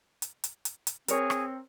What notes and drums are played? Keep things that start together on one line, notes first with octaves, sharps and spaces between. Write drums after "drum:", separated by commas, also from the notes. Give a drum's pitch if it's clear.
drum: hi-hat
drum: hi-hat
drum: hi-hat
drum: hi-hat
C4 G#4 A#4 C#5, drum: hi-hat
drum: rim click